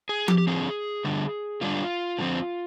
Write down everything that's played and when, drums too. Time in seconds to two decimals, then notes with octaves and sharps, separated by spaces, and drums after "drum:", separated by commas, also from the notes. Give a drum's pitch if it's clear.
0.09 G#4
0.28 G4, drum: tom F3
0.38 G4
0.47 D3 F3 C4 G#4
1.04 D3 G3 D4
1.61 D3 G3 D4 F4
2.19 D3 F3 C4